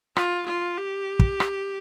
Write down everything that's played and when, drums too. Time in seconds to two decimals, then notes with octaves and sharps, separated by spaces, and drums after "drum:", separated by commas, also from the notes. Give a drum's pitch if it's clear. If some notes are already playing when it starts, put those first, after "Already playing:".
0.16 F4, drum: rim click
0.47 F4
0.78 G4
1.19 drum: kick
1.40 drum: rim click